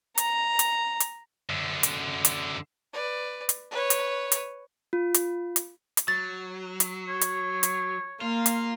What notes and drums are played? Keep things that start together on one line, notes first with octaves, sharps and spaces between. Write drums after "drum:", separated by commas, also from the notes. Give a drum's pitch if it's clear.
A#5, drum: hi-hat
drum: hi-hat
drum: hi-hat
F#2 D3
drum: hi-hat
drum: hi-hat
B4 D5
drum: hi-hat
B4 C#5
drum: hi-hat
drum: hi-hat
F4
drum: hi-hat
drum: hi-hat
drum: hi-hat
F#3 A6
drum: hi-hat
C#5
drum: hi-hat
drum: hi-hat
A#3 F4
drum: hi-hat